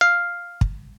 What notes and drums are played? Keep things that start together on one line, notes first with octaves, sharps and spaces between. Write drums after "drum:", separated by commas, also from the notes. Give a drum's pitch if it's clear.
F5
drum: kick